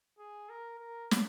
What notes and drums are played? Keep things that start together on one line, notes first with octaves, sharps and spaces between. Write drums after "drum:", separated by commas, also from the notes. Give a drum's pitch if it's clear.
G#4
A#4
A#4
drum: snare